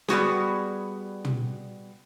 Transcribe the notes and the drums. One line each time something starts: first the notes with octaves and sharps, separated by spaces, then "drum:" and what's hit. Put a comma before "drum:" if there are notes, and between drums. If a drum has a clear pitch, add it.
G3 B3 F#4 G#4, drum: snare
drum: tom